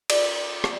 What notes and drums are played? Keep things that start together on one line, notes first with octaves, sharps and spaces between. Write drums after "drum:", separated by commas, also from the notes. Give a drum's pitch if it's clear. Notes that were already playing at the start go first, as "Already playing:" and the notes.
D5, drum: cymbal
drum: rim click